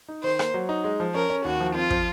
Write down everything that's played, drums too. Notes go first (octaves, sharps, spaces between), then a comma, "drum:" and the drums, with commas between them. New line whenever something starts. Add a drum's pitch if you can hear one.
D#4
D#3 C5
A#3, drum: rim click
F#3
D#4
G#3
F3
C#4 A#4
C#4
D#2 F#4
F3
C4 F4
F3, drum: kick